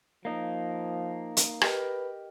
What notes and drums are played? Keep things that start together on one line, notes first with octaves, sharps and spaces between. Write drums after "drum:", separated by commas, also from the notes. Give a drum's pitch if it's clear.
F3 A#3 D#4
drum: hi-hat
G4 A#4 B4 D#5, drum: rim click